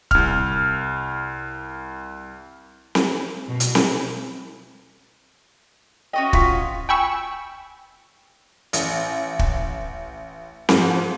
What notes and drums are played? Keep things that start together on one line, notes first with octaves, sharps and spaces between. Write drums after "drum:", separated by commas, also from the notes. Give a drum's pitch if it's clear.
C2 F6, drum: kick
drum: snare C4
B2
drum: hi-hat
drum: snare C4
C#4 F#4 D#5 G5
F4 C#6 B6, drum: kick
G5 G#5 B5 C#6 E6
A1, drum: hi-hat
drum: kick
G#2 F3, drum: snare C4